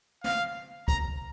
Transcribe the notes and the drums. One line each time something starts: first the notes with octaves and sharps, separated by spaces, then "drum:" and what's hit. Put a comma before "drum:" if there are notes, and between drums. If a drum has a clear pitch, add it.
F5, drum: snare
A#5, drum: kick, hi-hat